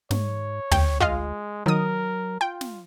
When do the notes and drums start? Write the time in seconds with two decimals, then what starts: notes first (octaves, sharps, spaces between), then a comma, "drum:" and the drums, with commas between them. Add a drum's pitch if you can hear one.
0.11 G#2 C#5, drum: snare
0.71 D2 G5, drum: tom
1.00 G#3 F4 D#5 F5, drum: kick
1.66 D#3 F#3 A#4 D#6
2.41 F4 G5
2.61 drum: snare